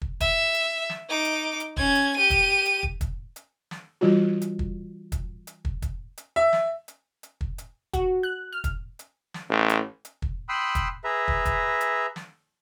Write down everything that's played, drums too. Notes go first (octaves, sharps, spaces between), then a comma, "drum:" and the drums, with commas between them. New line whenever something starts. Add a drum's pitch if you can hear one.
drum: kick
E5, drum: kick, hi-hat
drum: hi-hat
drum: snare
D#4 D6
drum: hi-hat
drum: hi-hat
C#4 G#6, drum: kick
drum: hi-hat
G4 D#7
drum: kick, hi-hat
drum: hi-hat
drum: kick
drum: kick, hi-hat
drum: hi-hat
drum: snare
E3 G3 F4 F#4
drum: hi-hat
drum: kick
drum: kick, hi-hat
drum: hi-hat
drum: kick
drum: kick, hi-hat
drum: hi-hat
E5
drum: snare
drum: hi-hat
drum: hi-hat
drum: kick
drum: hi-hat
F#4, drum: kick, hi-hat
F#6
F6
drum: kick, hi-hat
drum: hi-hat
drum: snare
A1
drum: hi-hat
drum: hi-hat
drum: kick
G5 B5 C6 D#6 E6 F#6
drum: kick, hi-hat
G#4 B4 E5 A#5
drum: kick
drum: kick, hi-hat
drum: hi-hat
drum: snare